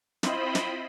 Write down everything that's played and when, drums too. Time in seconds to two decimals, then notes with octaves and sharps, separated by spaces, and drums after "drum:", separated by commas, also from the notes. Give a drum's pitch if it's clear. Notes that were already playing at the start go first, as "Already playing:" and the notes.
0.23 C4 E4 F4 C5 D#5 B5, drum: snare
0.55 drum: snare